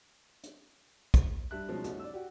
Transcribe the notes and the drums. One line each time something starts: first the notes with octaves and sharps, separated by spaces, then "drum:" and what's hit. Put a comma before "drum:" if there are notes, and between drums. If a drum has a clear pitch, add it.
drum: hi-hat
drum: kick, hi-hat
G2 G3 E5 F#6
B2 F3 F#3 G#3 C#4 D#4
C2 F#2 A3 C#4 D#4, drum: hi-hat
D5 E6
F#4 G4